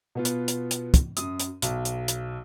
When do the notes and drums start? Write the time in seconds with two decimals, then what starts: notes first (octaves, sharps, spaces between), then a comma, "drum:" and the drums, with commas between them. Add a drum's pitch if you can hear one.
0.15 B2 B3 F4
0.25 drum: hi-hat
0.48 drum: hi-hat
0.71 drum: hi-hat
0.94 drum: kick, hi-hat
1.17 F#2 D#6, drum: hi-hat
1.40 drum: hi-hat
1.62 B1, drum: hi-hat
1.85 drum: hi-hat
2.08 drum: hi-hat